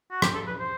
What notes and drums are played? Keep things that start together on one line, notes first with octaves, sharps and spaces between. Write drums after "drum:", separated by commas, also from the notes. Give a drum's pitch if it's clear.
F#4
G4, drum: rim click
A4
B4
C5